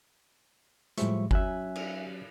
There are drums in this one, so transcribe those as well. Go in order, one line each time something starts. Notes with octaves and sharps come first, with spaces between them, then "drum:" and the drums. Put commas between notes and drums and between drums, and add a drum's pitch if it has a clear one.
A2 F3 G3 G#3 E5 C#6, drum: hi-hat
F#3 C#4 E5 G#5 F#6, drum: kick G1
drum: cymbal